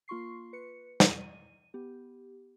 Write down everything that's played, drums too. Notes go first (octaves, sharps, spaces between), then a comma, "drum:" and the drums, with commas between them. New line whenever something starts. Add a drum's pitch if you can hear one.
A#3 F4 C6 C#6 C7
B4 C#7
D#7, drum: snare
B3 G4